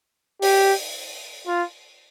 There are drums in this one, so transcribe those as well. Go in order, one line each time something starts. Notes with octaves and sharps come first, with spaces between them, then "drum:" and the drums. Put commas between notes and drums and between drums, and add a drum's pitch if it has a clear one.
G4, drum: open hi-hat
F4